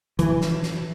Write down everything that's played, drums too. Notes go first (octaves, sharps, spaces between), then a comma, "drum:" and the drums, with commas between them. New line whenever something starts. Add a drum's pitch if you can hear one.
E3, drum: hi-hat
drum: snare
drum: snare